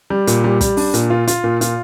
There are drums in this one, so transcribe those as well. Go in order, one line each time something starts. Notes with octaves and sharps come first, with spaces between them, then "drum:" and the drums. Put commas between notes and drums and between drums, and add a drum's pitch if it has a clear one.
G3
A#2, drum: hi-hat
G3
G3, drum: kick, hi-hat
D4, drum: open hi-hat
A#2, drum: hi-hat
F4
F4, drum: hi-hat
A#2
F4, drum: hi-hat